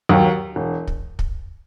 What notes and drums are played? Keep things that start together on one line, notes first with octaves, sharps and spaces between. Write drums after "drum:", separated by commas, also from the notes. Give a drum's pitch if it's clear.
D#2 D#3 F#3
E1
drum: kick
drum: kick